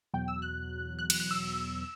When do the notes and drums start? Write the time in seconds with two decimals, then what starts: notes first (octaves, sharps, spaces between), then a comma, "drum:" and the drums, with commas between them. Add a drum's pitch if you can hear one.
0.14 E2 B2 F#3 G5
0.28 E6
0.42 F#6
0.99 F#6
1.10 F#6, drum: cymbal
1.20 F#6
1.31 E6